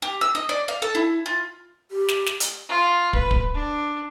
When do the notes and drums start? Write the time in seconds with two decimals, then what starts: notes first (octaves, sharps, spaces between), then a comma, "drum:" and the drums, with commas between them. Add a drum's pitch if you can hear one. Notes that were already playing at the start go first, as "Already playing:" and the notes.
0.02 G4
0.21 E6
0.35 D#5
0.49 D5
0.68 F5
0.82 A4
0.95 E4
1.26 F4
1.91 G4
2.08 drum: snare
2.26 drum: snare
2.40 drum: hi-hat
2.69 F4
3.13 B4, drum: kick
3.31 drum: kick
3.54 D4